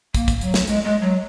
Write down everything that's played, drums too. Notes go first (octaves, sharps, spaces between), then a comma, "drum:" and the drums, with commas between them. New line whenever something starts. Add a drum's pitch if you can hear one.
A#3, drum: kick, hi-hat
drum: kick, hi-hat
F#3, drum: hi-hat
drum: snare
G#3, drum: hi-hat
G#3
F#3